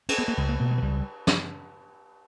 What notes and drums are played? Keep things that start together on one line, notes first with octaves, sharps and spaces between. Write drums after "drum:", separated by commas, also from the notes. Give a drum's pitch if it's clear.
C#4, drum: cymbal
B3
A#3
C#2 G#3
A#3
B2 A#3
G#3
E3
C#2 G3
drum: snare